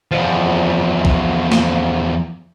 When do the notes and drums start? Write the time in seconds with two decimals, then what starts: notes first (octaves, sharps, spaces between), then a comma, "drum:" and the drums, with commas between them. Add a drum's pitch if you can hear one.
0.11 E2 F3
1.05 drum: kick A#1
1.52 drum: snare